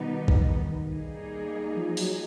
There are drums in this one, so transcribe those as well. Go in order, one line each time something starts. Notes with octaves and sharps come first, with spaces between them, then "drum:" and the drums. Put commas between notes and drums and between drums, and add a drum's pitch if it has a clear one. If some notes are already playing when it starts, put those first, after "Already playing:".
Already playing: B2 D#3 G3 B3 D#4
drum: kick
G3 A#3 D#4 G#4
F3
F#3, drum: open hi-hat